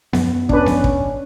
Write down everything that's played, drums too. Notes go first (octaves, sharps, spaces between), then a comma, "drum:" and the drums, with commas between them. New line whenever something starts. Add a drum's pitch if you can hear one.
F#2 B3, drum: snare B3
C#4 D4 B4, drum: kick
drum: snare B3
drum: kick